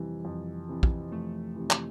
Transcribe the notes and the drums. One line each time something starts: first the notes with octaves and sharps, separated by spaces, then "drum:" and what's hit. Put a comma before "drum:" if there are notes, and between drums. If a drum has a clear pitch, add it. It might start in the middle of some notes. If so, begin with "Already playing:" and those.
Already playing: F2 C3 E3 G3
F2
C3 E3
drum: kick
F2 A3
C3 E3
drum: clap